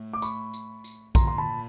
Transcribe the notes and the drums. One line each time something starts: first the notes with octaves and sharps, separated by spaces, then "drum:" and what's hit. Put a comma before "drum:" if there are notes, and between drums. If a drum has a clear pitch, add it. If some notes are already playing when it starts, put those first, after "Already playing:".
Already playing: A2
D6
B5 C#6, drum: tambourine
drum: tambourine
drum: tambourine
A#2 A#5 C6, drum: kick A#1, tambourine
C6
A5 B5